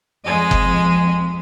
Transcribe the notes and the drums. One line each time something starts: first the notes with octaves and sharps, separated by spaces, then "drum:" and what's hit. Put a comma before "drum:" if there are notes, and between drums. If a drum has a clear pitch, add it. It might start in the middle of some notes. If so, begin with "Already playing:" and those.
F2 G#3 D#5
drum: kick F#1